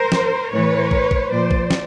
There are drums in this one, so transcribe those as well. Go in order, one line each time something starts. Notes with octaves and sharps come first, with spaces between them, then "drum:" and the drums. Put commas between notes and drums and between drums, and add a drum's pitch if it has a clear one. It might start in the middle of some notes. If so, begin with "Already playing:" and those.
Already playing: A#4 C5
drum: snare
A2 E3 B4 C#5
drum: kick
drum: kick
A#2 F3 C5 D5
drum: kick
drum: snare